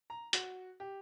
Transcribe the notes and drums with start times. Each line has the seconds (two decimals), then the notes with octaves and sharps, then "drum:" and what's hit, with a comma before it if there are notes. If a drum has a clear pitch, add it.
0.10 A#5
0.33 F#4, drum: hi-hat
0.80 G4